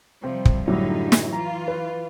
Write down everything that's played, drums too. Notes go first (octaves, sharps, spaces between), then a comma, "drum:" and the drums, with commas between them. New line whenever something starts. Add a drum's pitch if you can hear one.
C3 F3 G3 C4
drum: kick
F#2 A2 D3 F#3 G3 D#4
drum: snare
E3 F4 A#5
B4